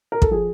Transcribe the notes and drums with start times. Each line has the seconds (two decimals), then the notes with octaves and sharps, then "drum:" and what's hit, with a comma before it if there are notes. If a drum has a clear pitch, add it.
0.12 A#4
0.22 A4, drum: kick
0.31 F3 G#4